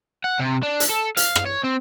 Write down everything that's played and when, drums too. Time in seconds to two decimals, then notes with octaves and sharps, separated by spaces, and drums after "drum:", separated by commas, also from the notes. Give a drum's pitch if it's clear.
0.24 F#5
0.40 C3
0.63 D4
0.80 drum: hi-hat
0.90 A4
1.17 F5, drum: hi-hat
1.35 drum: rim click
1.46 C#5
1.64 C4